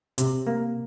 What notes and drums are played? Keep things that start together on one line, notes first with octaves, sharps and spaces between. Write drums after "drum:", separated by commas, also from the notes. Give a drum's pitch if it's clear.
C3, drum: hi-hat
A#3